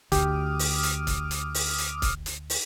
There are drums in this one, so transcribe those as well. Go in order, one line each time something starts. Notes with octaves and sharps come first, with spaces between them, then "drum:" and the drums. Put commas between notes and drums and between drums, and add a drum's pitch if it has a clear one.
D2 G4 D6 D#6 F6, drum: kick, hi-hat
drum: open hi-hat
drum: hi-hat
drum: kick, hi-hat
drum: hi-hat
drum: open hi-hat
drum: hi-hat
drum: kick, hi-hat
drum: hi-hat
drum: open hi-hat